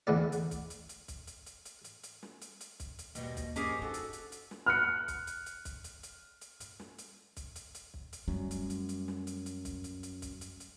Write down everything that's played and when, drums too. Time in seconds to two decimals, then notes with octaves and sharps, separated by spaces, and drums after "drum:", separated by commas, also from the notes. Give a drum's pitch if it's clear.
0.07 E2 D3 A3 D5
0.32 drum: hi-hat
0.51 drum: kick B1, hi-hat
0.70 drum: hi-hat
0.89 drum: hi-hat
1.08 drum: kick B1, hi-hat
1.27 drum: hi-hat
1.46 drum: hi-hat
1.65 drum: hi-hat
1.84 drum: hi-hat
2.04 drum: hi-hat
2.23 drum: snare
2.42 drum: hi-hat
2.61 drum: hi-hat
2.80 drum: kick B1, hi-hat
2.99 drum: hi-hat
3.15 D#2 G#2 B2 G3 D#5, drum: hi-hat
3.37 drum: kick B1, hi-hat
3.56 G2 F3 C#4 G4 G#4 A#4 D#5 D6, drum: hi-hat
3.82 D#4 F#4 A4
3.94 drum: hi-hat
4.13 drum: hi-hat
4.32 drum: hi-hat
4.51 drum: snare
4.66 F6 F#6 C#7
5.08 drum: kick B1, hi-hat
5.27 drum: hi-hat
5.46 drum: hi-hat
5.65 drum: kick B1, hi-hat
5.84 drum: hi-hat
6.03 drum: hi-hat
6.41 drum: hi-hat
6.60 drum: hi-hat
6.79 drum: snare
6.99 drum: hi-hat
7.37 drum: kick B1, hi-hat
7.56 drum: hi-hat
7.75 drum: hi-hat
7.94 drum: kick B1
8.13 drum: hi-hat
8.28 F#2 G3 A3
8.51 drum: hi-hat
8.70 drum: hi-hat
8.89 drum: hi-hat
9.08 drum: snare
9.27 drum: hi-hat
9.46 drum: hi-hat
9.65 drum: kick B1, hi-hat
9.84 drum: hi-hat
10.03 drum: hi-hat
10.22 drum: kick B1, hi-hat
10.41 drum: hi-hat
10.60 drum: hi-hat